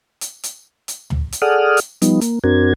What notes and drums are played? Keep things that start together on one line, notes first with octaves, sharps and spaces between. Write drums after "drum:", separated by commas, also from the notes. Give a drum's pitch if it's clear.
drum: hi-hat
drum: hi-hat
drum: hi-hat
drum: tom
drum: hi-hat
G#4 A4 D5 F#5 D#6 F6
drum: hi-hat
F3 G3 B3 D#4, drum: hi-hat
A#3, drum: hi-hat
F#2 C4 D4 F#4 A#4 G#6